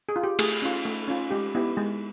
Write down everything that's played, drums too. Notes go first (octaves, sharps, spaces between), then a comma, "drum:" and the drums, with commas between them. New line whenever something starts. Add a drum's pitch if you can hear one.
G#4
F4
G4
A3 G#4, drum: cymbal
C#4 F4
A3
C#4 F4
G#3 G4
B3 E4 G4
G#3